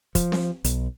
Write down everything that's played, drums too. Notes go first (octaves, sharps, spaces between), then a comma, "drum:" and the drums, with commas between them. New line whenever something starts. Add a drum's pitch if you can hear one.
F3, drum: kick, hi-hat
drum: snare C4
B1, drum: hi-hat